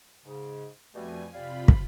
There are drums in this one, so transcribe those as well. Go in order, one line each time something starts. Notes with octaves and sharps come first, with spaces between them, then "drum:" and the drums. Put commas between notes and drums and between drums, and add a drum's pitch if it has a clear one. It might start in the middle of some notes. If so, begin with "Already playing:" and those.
G#2 C#3
F2 B2 G3 A3 G#5
C3 F4 G4 D5 F5 B5
drum: kick